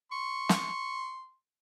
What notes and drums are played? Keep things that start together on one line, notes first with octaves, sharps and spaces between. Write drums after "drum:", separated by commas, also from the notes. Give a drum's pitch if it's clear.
C6 C#6
drum: snare